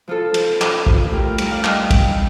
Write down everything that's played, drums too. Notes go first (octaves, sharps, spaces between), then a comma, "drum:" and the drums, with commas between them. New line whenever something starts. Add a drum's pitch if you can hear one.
F3 F4 A4
F3, drum: cymbal
F3, drum: clap
F3, drum: kick
A2 G4 A#4
G3, drum: cymbal
D5 F5
G3 D#5 G5, drum: clap
G3, drum: kick, cymbal